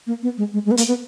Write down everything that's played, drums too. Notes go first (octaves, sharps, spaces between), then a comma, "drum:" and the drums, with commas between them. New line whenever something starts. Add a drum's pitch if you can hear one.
A#3
B3
G#3
G#3
G#3
B3
A#3, drum: hi-hat
B3